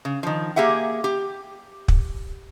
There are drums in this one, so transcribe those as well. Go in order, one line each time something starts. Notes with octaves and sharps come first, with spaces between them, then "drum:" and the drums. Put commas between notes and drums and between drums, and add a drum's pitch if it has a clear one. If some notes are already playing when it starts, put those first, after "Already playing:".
C#3
D#3 F3
A#3 G4 G#4 E5 F#5
G4
drum: kick